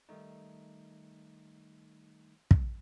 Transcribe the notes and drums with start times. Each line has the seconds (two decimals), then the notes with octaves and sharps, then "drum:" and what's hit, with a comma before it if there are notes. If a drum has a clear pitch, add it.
0.09 D#3 G3 A3 D#4
2.51 drum: kick